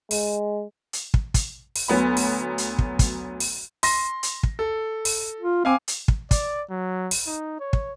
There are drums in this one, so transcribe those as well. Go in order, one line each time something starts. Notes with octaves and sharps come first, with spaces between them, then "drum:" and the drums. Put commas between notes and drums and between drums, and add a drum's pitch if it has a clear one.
G#3, drum: open hi-hat
drum: hi-hat
drum: kick
drum: kick, hi-hat
drum: open hi-hat
D2 F#3 B3 B5
drum: open hi-hat
drum: hi-hat
drum: kick
drum: kick, hi-hat
drum: open hi-hat
C6 A#6, drum: open hi-hat
drum: hi-hat
drum: kick
A4
drum: open hi-hat
F4
C4 F5 G#5 D6
drum: hi-hat
drum: kick
D5, drum: kick, hi-hat
F#3
drum: open hi-hat
D#4
C#5
drum: kick